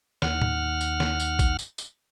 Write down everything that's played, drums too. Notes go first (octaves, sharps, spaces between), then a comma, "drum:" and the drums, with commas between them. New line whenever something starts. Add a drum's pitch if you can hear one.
D#2 F#5 F6, drum: snare
drum: tom
drum: tambourine
drum: snare
drum: tambourine
drum: kick, tambourine
drum: tambourine
drum: tambourine